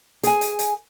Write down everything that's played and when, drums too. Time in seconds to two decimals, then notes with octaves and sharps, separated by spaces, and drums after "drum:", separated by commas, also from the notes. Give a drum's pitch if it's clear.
0.23 G#4 G#5, drum: hi-hat
0.41 drum: hi-hat
0.59 drum: hi-hat